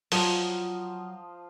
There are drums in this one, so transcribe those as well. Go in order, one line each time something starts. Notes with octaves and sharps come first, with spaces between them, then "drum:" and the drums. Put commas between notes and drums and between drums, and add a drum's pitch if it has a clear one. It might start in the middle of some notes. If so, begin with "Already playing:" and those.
F3 F#3 D#5 F5 A#5, drum: open hi-hat